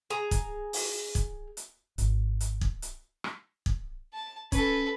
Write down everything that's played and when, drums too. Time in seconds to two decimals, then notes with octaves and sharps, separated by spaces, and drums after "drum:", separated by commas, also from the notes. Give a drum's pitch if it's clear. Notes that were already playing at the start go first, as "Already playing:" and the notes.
0.10 G#4 A#5
0.31 drum: kick, hi-hat
0.73 drum: open hi-hat
1.15 drum: kick, hi-hat
1.57 drum: hi-hat
1.98 G#1, drum: hi-hat
2.40 drum: hi-hat
2.61 drum: kick
2.82 drum: hi-hat
3.24 drum: rim click
3.66 drum: kick
4.13 A5
4.52 C#4 A4 B4, drum: kick, hi-hat